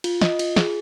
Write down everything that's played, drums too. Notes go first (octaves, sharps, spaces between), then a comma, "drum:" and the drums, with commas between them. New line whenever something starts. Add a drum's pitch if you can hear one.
F4, drum: cymbal
D#5, drum: snare
F4, drum: cymbal
G#4, drum: snare